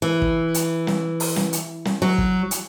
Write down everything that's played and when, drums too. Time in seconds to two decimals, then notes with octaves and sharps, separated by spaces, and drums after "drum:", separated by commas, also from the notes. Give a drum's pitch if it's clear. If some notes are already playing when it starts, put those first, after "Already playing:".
0.02 E3
0.22 drum: kick
0.54 drum: hi-hat
0.87 drum: snare
1.20 drum: open hi-hat
1.36 drum: snare
1.53 drum: hi-hat
1.85 drum: snare
2.02 F#3
2.18 drum: kick
2.51 drum: hi-hat